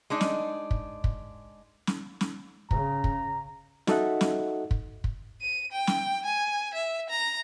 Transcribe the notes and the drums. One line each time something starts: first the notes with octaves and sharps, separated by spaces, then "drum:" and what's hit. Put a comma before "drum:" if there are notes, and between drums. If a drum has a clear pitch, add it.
G#3 D4 D#4
drum: snare
drum: kick
drum: kick
drum: snare
drum: snare
C#3 A#5, drum: kick
drum: kick
D#4 F#4 A4 D#5 E5 F#5, drum: snare
drum: snare
drum: kick
drum: kick
D#7
G5
drum: snare
G#5
E5
A#5